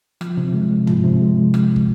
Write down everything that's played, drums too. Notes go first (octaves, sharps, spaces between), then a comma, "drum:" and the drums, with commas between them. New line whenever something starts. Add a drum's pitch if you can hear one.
F3, drum: rim click
C3
G#3
C3
F3, drum: tom
C3
G#3
drum: rim click
drum: kick